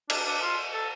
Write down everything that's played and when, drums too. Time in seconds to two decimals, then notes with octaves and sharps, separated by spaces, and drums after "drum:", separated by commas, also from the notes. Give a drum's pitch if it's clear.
0.10 D4, drum: cymbal
0.26 D4
0.42 F4
0.73 A4